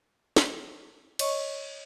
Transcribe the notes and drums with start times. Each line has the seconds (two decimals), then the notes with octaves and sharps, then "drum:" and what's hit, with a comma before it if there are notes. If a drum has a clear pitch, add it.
0.36 drum: snare
1.19 C#5 D#5 C#6, drum: cymbal